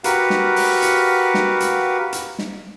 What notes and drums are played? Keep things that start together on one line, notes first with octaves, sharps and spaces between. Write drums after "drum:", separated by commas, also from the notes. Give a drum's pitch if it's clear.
F#4 G4 A#4 B4 F5 F#5, drum: hi-hat
drum: snare
drum: open hi-hat
drum: hi-hat
drum: snare
drum: hi-hat
drum: hi-hat
drum: snare